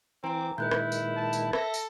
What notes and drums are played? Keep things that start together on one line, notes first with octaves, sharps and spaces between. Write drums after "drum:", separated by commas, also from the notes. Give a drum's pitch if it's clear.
E3 C4 G#5 A#5 D6
A#2 D#3 G#3 E4 B4 F#6 G6
drum: rim click
drum: tambourine
A5
drum: tambourine
A4 E5 A#6, drum: rim click
drum: tambourine